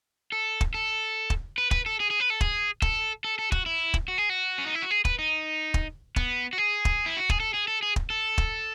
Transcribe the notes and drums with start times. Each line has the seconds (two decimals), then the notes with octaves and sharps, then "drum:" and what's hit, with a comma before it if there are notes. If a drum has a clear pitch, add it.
0.32 A4
0.61 drum: kick
0.74 A4
1.30 drum: kick
1.58 B4
1.71 B4, drum: kick
1.86 A4
2.00 G#4
2.10 G#4
2.20 B4
2.30 A4
2.41 G#4, drum: kick
2.82 A4, drum: kick
3.24 A4
3.39 A4
3.52 F#4, drum: kick
3.66 E4
3.94 drum: kick
4.08 F#4
4.18 G#4
4.29 F#4
4.58 C#4
4.66 D#4
4.75 E4
4.82 F#4
4.90 G#4
5.05 B4, drum: kick
5.19 D#4
5.74 drum: kick
6.16 B3, drum: kick
6.53 F#4
6.58 G#4
6.85 drum: kick
7.06 E4
7.17 F#4
7.29 G#4, drum: kick
7.40 A4
7.54 G#4
7.68 A4
7.83 G#4
7.96 drum: kick
8.10 A4
8.38 drum: kick